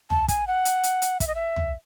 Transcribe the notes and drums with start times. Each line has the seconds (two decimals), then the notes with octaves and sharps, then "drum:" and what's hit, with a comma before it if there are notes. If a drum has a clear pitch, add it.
0.10 A5, drum: tom
0.28 G#5, drum: kick, hi-hat
0.47 F#5
0.65 drum: hi-hat
0.83 drum: hi-hat
1.02 drum: hi-hat
1.20 E5, drum: kick, hi-hat
1.27 D#5
1.35 E5
1.56 drum: tom